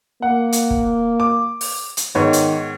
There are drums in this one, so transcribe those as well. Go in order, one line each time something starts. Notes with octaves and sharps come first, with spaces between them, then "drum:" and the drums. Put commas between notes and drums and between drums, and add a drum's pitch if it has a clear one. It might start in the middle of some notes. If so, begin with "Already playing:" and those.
A#3 F#5
drum: hi-hat
drum: kick
D6
drum: open hi-hat
drum: hi-hat
G#2 D#3 B3 C#5
drum: hi-hat